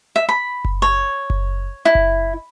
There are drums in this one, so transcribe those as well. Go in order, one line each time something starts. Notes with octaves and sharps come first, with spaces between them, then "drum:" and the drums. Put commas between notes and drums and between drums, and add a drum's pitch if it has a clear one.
E5
B5
drum: kick F#1
C#5
drum: kick F#1
E4
drum: kick F#1